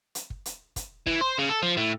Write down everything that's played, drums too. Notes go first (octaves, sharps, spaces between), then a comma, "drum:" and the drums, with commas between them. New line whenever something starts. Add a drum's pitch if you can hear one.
drum: hi-hat
drum: kick
drum: hi-hat
drum: kick, hi-hat
E3, drum: kick
C5
C#3
A4
F3
A2